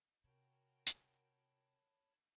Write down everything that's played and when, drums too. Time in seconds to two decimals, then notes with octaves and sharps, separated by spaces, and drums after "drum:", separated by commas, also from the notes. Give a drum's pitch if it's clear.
0.24 C3 F#4 A#4 C#5 G5 A5 B5
0.86 drum: hi-hat